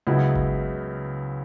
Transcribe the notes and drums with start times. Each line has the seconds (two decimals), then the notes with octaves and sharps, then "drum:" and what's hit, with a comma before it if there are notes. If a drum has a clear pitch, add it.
0.07 C#2 C#3 F#3 B3 E4
0.35 drum: kick G1